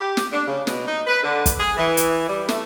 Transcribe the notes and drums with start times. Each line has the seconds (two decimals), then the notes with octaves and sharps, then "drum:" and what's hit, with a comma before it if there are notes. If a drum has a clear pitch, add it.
0.01 G4
0.17 drum: snare
0.33 D4
0.48 C#3
0.67 B2, drum: snare
0.87 D#4
1.07 B4
1.23 D3
1.46 drum: kick, hi-hat
1.60 G#4
1.78 E3
1.97 drum: hi-hat
2.29 G3
2.49 A3, drum: snare